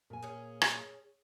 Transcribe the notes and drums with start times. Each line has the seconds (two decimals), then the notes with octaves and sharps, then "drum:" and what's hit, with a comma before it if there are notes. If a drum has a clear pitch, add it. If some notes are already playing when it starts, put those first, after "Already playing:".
0.10 A#2 G#5
0.23 C#4 G#4
0.61 drum: rim click